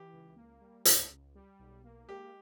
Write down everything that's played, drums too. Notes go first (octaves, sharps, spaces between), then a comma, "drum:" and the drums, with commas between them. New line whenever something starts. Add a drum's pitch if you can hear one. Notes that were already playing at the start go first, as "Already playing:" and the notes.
Already playing: E3 G4
C#2
A#3
G3
C#2, drum: hi-hat
C#2
G3
B1
A#3
G#3 G4